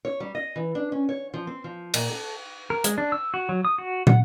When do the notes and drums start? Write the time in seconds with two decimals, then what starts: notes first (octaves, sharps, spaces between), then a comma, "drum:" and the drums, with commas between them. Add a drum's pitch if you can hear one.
0.05 C#5
0.20 G3
0.35 D#5
0.56 E3
0.75 D4
0.92 C#4
1.09 C#5
1.34 F3
1.47 C4
1.64 F3
1.94 A#2, drum: cymbal
2.10 A4
2.70 A#4
2.84 G#3, drum: hi-hat
2.98 D4
3.12 E6
3.34 F#4
3.49 F#3
3.65 D#6
3.78 F#4
4.07 F#5, drum: tom